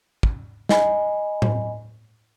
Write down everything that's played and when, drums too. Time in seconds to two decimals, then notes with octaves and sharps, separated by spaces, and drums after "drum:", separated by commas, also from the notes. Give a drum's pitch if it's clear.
0.23 drum: kick
0.69 D#5 G#5 B5, drum: snare
1.42 drum: tom A2